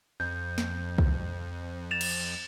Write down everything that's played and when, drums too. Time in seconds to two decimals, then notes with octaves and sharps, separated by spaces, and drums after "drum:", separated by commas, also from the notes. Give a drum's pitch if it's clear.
0.20 F2 G6
0.58 drum: snare
0.98 drum: kick
1.91 A6 E7 F7
2.01 drum: cymbal